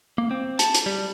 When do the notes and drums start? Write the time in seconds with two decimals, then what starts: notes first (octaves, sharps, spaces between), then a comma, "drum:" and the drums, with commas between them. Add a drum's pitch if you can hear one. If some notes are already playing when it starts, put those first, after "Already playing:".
0.18 A#3
0.31 C4
0.59 A5, drum: hi-hat
0.75 drum: hi-hat
0.86 G3